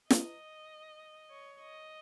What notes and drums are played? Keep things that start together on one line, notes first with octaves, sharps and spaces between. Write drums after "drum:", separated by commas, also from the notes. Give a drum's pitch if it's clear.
D#5, drum: snare
C#5
D#5